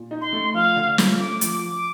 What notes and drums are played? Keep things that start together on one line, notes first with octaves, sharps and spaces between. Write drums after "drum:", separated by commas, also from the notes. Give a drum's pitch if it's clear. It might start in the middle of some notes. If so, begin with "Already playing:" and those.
Already playing: A#2
D#4
C6
A3
F3 F5
D3
F3, drum: snare
A3 D6
F3, drum: hi-hat
D6
F3